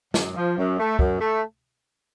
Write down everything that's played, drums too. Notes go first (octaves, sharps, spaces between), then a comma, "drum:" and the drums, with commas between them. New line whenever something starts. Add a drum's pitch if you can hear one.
F#2, drum: snare
F3
F#2
A3
F#2, drum: kick
A3